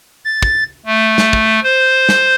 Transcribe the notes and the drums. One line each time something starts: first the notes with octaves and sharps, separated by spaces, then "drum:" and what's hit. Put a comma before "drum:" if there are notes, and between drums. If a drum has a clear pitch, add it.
A6
drum: kick
A3
drum: snare
drum: kick
C5
drum: snare